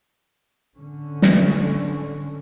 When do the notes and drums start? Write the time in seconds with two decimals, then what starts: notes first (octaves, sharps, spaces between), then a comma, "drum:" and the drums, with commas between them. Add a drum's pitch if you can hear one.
0.77 D3 C#4
1.22 drum: snare